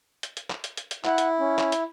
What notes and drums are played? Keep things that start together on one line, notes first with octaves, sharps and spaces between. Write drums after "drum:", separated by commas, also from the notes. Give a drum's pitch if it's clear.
drum: hi-hat
drum: hi-hat
drum: clap
drum: hi-hat
drum: hi-hat
drum: hi-hat
E4 F#5, drum: clap
drum: hi-hat
C#4
drum: clap
drum: hi-hat